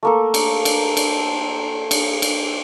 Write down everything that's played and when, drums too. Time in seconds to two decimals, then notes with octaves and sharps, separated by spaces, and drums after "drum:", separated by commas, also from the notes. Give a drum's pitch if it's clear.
0.03 A3 A#3 A4
0.34 drum: cymbal
0.65 drum: cymbal
0.97 drum: cymbal
1.91 drum: cymbal
2.22 drum: cymbal